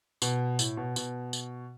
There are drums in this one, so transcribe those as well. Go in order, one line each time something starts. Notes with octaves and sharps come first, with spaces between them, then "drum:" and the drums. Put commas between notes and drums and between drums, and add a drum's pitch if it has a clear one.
B2, drum: tambourine
A2, drum: tambourine
B2
B2, drum: tambourine
drum: tambourine